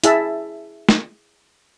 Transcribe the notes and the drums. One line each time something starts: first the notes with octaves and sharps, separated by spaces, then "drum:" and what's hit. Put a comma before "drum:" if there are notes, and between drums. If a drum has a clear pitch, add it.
E4 G#4 E5 A5, drum: hi-hat
drum: snare